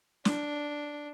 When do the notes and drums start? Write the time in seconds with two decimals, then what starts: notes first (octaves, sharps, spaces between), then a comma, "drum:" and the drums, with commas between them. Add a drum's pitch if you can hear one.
0.25 D4, drum: snare